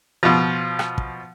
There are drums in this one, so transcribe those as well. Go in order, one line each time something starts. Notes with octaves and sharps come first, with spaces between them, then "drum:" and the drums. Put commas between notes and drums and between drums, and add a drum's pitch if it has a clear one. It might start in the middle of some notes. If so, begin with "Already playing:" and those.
B2 F3
drum: rim click
drum: kick